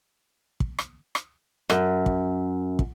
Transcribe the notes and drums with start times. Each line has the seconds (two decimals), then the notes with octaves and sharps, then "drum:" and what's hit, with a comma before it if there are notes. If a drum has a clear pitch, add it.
0.60 drum: kick
0.79 drum: rim click
1.15 drum: rim click
1.70 F#2, drum: rim click
2.06 drum: kick
2.79 drum: kick